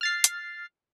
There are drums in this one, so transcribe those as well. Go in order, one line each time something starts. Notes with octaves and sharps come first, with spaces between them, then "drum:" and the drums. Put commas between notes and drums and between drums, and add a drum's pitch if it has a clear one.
F6 A6 C7
drum: hi-hat